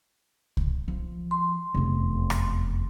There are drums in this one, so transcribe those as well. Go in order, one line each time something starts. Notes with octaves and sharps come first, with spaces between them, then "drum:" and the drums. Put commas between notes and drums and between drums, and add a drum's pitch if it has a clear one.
drum: kick C2
F3
C6
F1 E2
drum: rim click